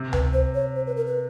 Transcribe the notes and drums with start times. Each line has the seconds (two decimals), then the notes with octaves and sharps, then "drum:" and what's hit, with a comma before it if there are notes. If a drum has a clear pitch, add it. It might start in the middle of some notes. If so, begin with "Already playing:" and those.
Already playing: C3
0.13 B4, drum: tom C#2
0.33 C5
0.55 C#5
0.76 C5
0.87 B4
0.96 A#4
1.07 B4